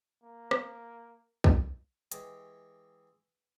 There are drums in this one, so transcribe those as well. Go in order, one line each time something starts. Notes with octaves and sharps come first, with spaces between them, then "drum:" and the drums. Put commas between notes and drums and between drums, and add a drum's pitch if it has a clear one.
A#3
drum: rim click
drum: kick
E3 G#3 G4 C#5, drum: hi-hat